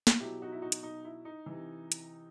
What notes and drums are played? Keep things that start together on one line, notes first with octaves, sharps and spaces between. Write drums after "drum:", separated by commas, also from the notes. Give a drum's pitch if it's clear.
drum: snare
B2 F#3 E4 G4
D#4 F#4
E4
D#4 F#4
drum: hi-hat
D#4
E4
D#4
C3 E3
drum: hi-hat